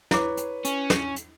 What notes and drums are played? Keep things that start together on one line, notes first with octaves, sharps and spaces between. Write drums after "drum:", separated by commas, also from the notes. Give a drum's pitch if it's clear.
E4 B4 C#5 D6, drum: snare
drum: hi-hat
C#4, drum: hi-hat
drum: snare
drum: hi-hat